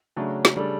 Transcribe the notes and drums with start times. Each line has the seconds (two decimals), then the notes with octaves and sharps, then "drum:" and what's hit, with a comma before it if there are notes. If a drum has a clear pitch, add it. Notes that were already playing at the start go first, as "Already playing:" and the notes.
0.16 C#3 F#3 A3 D4 F#4
0.45 drum: snare
0.56 C#3 G3 D4 A4